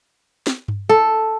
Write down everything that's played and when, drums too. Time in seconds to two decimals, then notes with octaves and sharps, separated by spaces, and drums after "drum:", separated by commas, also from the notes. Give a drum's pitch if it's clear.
0.47 drum: snare
0.68 drum: tom G2
0.89 A4